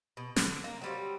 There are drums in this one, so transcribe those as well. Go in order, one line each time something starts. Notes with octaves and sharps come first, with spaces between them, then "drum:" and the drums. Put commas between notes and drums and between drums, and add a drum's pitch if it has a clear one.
B2
D3, drum: snare
A#3
F#3 G3 C4